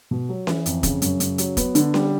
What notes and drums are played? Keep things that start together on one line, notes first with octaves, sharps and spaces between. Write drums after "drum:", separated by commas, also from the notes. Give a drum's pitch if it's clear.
B2
F#3
E3, drum: snare C#4
F2, drum: hi-hat
C#3, drum: kick, hi-hat
F#2, drum: hi-hat
C#3, drum: hi-hat
F#3, drum: hi-hat
B3, drum: kick, hi-hat
D3, drum: hi-hat
G3, drum: snare C#4